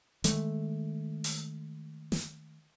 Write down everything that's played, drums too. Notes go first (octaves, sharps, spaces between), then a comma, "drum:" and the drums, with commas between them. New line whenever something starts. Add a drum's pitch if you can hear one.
D#3 G#3 A3, drum: hi-hat
drum: open hi-hat
drum: snare